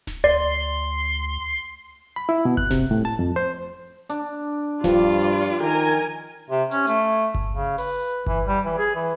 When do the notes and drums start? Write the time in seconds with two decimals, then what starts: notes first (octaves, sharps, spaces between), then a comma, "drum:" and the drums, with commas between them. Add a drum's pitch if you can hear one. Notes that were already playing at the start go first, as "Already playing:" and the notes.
0.07 drum: snare D1
0.24 D2 D5 C6
2.16 B5
2.29 E4
2.45 B2
2.57 F#6, drum: kick G1
2.71 C3, drum: snare D1
2.91 A2
3.05 A5
3.19 F2
3.36 C5
4.09 D4, drum: hi-hat
4.84 G2 F3 F4 D5, drum: snare D1
5.61 D#3 A#4 G#5
6.50 C3
6.71 C#4, drum: hi-hat
6.87 A3, drum: hi-hat
7.35 drum: kick G1
7.54 C#3
7.78 B4, drum: open hi-hat
8.26 E3, drum: kick G1
8.47 G3
8.65 E3
8.78 G#4
8.95 E3